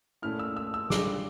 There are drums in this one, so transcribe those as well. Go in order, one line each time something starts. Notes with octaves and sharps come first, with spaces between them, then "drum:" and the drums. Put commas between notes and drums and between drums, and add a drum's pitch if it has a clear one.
A#2 A3 C#4 E4 F6
E6
E6
E6
D3 G3 D4 F4 D6, drum: snare